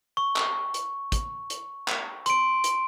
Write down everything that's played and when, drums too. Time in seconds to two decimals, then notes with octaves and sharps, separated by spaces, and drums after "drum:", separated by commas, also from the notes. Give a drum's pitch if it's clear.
0.17 C#6
0.36 drum: clap
0.74 drum: hi-hat
1.12 drum: kick, hi-hat
1.50 drum: hi-hat
1.88 drum: clap
2.26 C6 D7, drum: hi-hat
2.64 drum: hi-hat